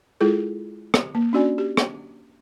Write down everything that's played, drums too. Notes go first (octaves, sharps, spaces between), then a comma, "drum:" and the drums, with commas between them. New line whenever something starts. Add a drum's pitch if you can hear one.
G#3 E4 F4 G#4 A4
drum: rim click
A#3
C#4 D4 F#4 D5 G#5
G4
drum: rim click